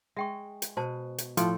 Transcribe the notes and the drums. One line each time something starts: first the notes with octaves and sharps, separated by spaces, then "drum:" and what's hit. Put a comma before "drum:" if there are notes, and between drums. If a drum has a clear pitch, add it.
G#3 E5 G5 C#6
drum: hi-hat
B2 C5 A5
drum: hi-hat
A2 F3 A4 G5 C6, drum: hi-hat